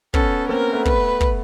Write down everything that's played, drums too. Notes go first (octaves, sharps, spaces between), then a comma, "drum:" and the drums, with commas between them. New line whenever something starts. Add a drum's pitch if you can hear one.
B3 C#4 A4, drum: kick
A#3 C4 A#4
A3 B3
B4, drum: kick
drum: kick